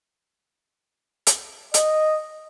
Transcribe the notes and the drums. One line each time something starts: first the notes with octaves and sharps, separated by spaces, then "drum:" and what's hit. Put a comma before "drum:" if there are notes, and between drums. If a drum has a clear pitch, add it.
drum: hi-hat
D#5, drum: hi-hat